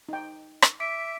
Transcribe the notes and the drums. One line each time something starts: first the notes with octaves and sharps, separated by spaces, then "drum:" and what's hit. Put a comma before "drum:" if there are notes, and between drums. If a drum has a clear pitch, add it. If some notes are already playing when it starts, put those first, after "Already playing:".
D#4 G5
drum: rim click
E5 D6 B6 D7